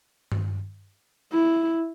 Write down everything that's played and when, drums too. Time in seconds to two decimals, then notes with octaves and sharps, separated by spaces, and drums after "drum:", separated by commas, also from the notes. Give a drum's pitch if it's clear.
0.32 drum: tom G2
1.33 E4